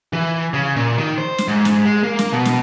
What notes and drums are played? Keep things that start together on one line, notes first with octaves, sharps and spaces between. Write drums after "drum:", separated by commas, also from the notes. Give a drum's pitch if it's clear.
E3
C#3
A#2
D#3
C5
drum: snare
G#2
drum: snare
G#3
A#3
drum: snare
B2
drum: snare